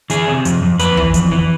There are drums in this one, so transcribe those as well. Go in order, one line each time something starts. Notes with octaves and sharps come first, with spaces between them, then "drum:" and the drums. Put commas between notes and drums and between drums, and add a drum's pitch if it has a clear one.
E3 G#4, drum: hi-hat
C3
F2, drum: hi-hat
F2
F2 B4, drum: hi-hat
E3, drum: kick
F2, drum: hi-hat
E3